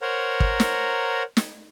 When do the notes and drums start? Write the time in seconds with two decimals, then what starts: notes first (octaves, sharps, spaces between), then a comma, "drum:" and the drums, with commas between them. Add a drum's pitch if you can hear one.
0.02 A#4 C5 C#5 F#5 A#5
0.40 drum: kick
0.60 drum: snare
1.37 drum: snare